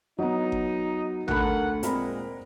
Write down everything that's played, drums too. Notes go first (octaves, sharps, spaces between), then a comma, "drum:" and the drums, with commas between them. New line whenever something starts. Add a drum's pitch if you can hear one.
F#3 B3 D#4
drum: kick G1
D2 A3 A#4 F#5 B5, drum: tom
A#2 G#3 C4 A#4 B5, drum: hi-hat